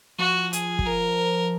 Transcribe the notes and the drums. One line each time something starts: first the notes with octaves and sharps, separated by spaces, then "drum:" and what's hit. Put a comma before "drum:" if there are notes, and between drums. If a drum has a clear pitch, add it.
F3 F#4
G#4, drum: hi-hat
F#3, drum: kick
F3 A#4